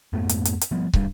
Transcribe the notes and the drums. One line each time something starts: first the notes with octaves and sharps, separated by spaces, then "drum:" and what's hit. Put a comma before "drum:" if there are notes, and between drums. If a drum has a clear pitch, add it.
F2 G#2 A3 B3
drum: hi-hat
drum: hi-hat
drum: hi-hat
F3 G3 B3
D1 G2 G3, drum: kick